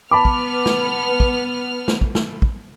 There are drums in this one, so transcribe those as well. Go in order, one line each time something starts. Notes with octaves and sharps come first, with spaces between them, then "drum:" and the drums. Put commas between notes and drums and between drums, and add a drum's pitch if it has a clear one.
B3 A5 B5 D6 F6
drum: kick
drum: snare
drum: kick
drum: snare
drum: kick
drum: snare
drum: kick